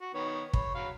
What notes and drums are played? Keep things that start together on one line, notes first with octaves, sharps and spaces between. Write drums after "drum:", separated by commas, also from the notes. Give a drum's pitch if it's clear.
F#4
D#3 B3 C#5
C#5 B5, drum: kick
F#3 F5 B5